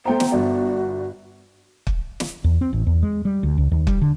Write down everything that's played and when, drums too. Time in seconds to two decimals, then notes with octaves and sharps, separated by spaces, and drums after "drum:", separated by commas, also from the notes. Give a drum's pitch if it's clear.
0.05 A3 B3 C5 G5 A#5
0.20 drum: snare
0.32 G1 F#4 D5
1.87 drum: kick
2.20 drum: snare
2.44 E2
2.61 C4
2.73 A1
2.87 E2
3.03 G#3
3.25 G3
3.43 D2
3.58 C#2
3.72 D#2
3.87 G3, drum: kick
4.02 D3